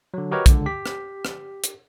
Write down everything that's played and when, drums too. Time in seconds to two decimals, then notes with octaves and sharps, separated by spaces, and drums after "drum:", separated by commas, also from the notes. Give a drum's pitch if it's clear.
0.14 D3 F#3
0.31 F#4 G4 A#4 B4 C#5 D#5
0.46 C#2 D3, drum: kick, hi-hat
0.66 G4 B6
0.86 drum: rim click
1.25 drum: rim click
1.64 drum: hi-hat